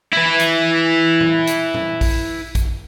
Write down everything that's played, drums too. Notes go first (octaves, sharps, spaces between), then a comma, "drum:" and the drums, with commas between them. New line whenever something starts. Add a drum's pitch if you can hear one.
E4 B4
drum: hi-hat
drum: tom A#2
drum: hi-hat
drum: tom A#2
drum: kick, open hi-hat
drum: kick, hi-hat